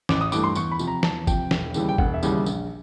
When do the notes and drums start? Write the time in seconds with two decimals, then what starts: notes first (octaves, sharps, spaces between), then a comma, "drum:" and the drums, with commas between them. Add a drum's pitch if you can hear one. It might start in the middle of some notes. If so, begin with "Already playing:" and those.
0.09 A1 D6, drum: snare
0.21 D#6
0.32 G2 E3 A3 D6, drum: tambourine
0.44 C6
0.55 E2 C#6, drum: tambourine
0.71 B5
0.79 C3 F3, drum: tambourine
0.87 A#5
1.03 E2 A5, drum: snare
1.27 C3 F3 G5, drum: kick, tambourine
1.51 E1, drum: snare
1.74 D#2 C#3 E3 G3, drum: tambourine
1.89 G5
1.98 E1 F#5, drum: kick
2.14 E5
2.23 D#2 C#3 E3 G3, drum: tambourine
2.46 A#1, drum: tambourine